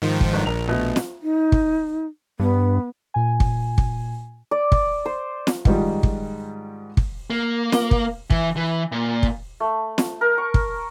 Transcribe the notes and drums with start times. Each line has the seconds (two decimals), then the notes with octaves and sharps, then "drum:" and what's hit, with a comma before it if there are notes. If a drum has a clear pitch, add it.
0.02 G#2 D#3 F3
0.21 drum: kick
0.33 G1
0.46 A#1 A#4 F7
0.68 B2 A3
0.96 drum: snare
1.22 D#4
1.52 drum: kick
2.39 G2 B3
3.14 A#2 G#5
3.40 drum: kick
3.78 drum: kick
4.51 D5
4.72 drum: kick
5.06 C5
5.47 drum: snare
5.65 G#2 D#3 F3 G3 G#3, drum: kick
6.03 drum: kick
6.97 drum: kick
7.30 A#3
7.72 drum: snare
7.91 drum: kick
8.30 E3, drum: kick
8.56 E3
8.92 A#2
9.23 drum: kick
9.60 A3
9.98 drum: snare
10.21 A#4
10.38 C#6
10.54 drum: kick